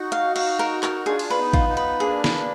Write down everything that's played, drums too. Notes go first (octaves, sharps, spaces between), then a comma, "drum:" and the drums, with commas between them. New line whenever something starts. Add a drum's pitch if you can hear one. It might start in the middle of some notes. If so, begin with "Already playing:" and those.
Already playing: D#4 F#4
F5
F5, drum: cymbal
A#4
A#4, drum: clap
D4 F4 G#4
drum: cymbal
B4
B3 D#4
F4, drum: kick A1
B3 D#4
B4
A#3 D4 G#4
B4, drum: snare